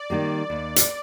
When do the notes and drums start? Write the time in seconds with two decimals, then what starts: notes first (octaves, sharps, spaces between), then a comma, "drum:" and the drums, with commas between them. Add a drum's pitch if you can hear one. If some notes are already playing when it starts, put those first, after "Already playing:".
Already playing: D5
0.10 D#3 G3 A#3
0.50 D#2
0.76 drum: hi-hat